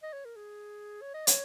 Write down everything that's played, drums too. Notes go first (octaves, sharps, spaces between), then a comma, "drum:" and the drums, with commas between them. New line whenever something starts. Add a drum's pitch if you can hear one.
D#5
C#5
A#4
G#4
C#5
D#5
C#5, drum: hi-hat